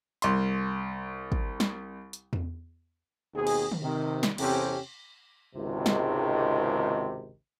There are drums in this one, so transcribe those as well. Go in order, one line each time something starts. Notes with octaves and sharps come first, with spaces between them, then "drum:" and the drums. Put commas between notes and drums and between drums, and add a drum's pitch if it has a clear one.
C2 C6, drum: hi-hat
drum: kick
drum: snare
drum: hi-hat
drum: tom E2
D#2 B2 C4 G#4
drum: cymbal
drum: tom D3
C3 D#3
drum: snare
E2 C3 C4 C#4 G4 A4, drum: cymbal
G#1 C#2 C3 D#3
drum: snare